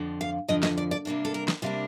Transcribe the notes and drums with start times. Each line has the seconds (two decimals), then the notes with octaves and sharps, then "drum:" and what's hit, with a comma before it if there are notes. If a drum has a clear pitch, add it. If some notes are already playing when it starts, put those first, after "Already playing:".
Already playing: F2 D3 F3
0.21 F5
0.48 F2 D3 F3 D#5
0.63 D#5, drum: snare
0.78 D5
0.91 D5
1.05 C3 G3 A#3 D4
1.25 A4
1.34 A#4
1.48 drum: snare
1.62 C3 G3 A#3 D4 F4